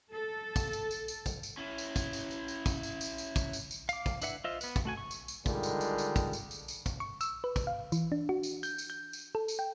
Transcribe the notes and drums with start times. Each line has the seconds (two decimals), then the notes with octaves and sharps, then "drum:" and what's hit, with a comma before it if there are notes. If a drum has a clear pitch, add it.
0.12 A4
0.56 drum: kick, tambourine
0.73 drum: tambourine
0.91 drum: tambourine
1.08 drum: tambourine
1.26 drum: kick, tambourine
1.43 drum: tambourine
1.57 C#4 E4
1.78 drum: tambourine
1.96 drum: kick, tambourine
2.13 drum: tambourine
2.31 drum: tambourine
2.48 drum: tambourine
2.66 drum: kick, tambourine
2.83 drum: tambourine
3.01 drum: tambourine
3.18 drum: tambourine
3.36 drum: kick, tambourine
3.53 drum: tambourine
3.71 drum: tambourine
3.89 F5 D6, drum: tambourine
4.06 drum: kick, tambourine
4.22 D4 E4 B4 E5 F#5, drum: tambourine
4.44 F4 C5 D#5 E5
4.61 B3 B4, drum: tambourine
4.76 drum: kick, tambourine
4.85 A3 F#4 G#5
4.97 C#6
5.11 drum: tambourine
5.28 drum: tambourine
5.46 D3 D#3 G3 G#3 F4 A#4, drum: kick, tambourine
5.63 drum: tambourine
5.81 drum: tambourine
5.98 drum: tambourine
6.16 drum: kick, tambourine
6.33 drum: tambourine
6.51 drum: tambourine
6.68 drum: tambourine
6.86 drum: kick, tambourine
7.00 C#6
7.21 E6, drum: tambourine
7.44 B4
7.56 drum: kick, tambourine
7.67 F5
7.92 E3, drum: tambourine
8.12 D4
8.29 F#4
8.43 drum: tambourine
8.63 G6, drum: tambourine
8.78 drum: tambourine
8.90 G6
9.13 drum: tambourine
9.35 A4
9.48 drum: tambourine
9.59 G5